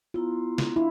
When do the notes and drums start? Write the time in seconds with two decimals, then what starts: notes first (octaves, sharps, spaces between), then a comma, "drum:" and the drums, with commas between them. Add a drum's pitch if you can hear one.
0.14 B3 E4 F4 A#5
0.58 drum: snare
0.76 D4 E4 E5 F5